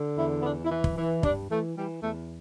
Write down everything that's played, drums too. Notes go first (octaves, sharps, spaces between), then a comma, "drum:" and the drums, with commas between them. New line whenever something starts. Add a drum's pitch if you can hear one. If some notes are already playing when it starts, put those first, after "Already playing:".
Already playing: D3
E2 E4
B3
E3 D4
E4
E3
drum: kick
E3
G2 D4, drum: kick
E3 A3
E3 G3
E2 A3